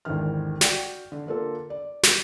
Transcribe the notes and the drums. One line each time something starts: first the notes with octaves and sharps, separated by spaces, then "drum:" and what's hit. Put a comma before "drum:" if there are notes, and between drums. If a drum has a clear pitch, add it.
G#1 E2 D3 D#3 F6
F#4 D5 G5, drum: snare
D3
D3 A#3 F4 A4
D5
drum: snare